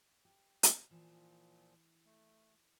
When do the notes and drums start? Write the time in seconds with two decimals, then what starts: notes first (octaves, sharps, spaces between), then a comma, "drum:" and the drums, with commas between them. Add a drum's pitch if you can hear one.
0.25 G4
0.63 drum: hi-hat
0.91 A#2 E3 F3
2.05 A3